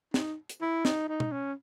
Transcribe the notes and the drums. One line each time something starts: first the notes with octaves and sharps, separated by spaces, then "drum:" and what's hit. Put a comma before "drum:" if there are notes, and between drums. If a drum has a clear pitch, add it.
D#4, drum: snare
drum: hi-hat
E4
D#4, drum: snare
D#4
drum: tom B2
C#4